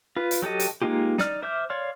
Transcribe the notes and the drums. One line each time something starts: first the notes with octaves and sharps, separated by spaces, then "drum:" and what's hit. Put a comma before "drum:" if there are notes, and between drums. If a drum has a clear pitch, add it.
F4 B4
drum: hi-hat
F#3 G4 A4 D#5
drum: hi-hat
G#3 A#3 D#4 F4 G4
D#4 D5 F6, drum: snare
C5 E5 D6 F6 G6
C#5 D5 F5 C6 F6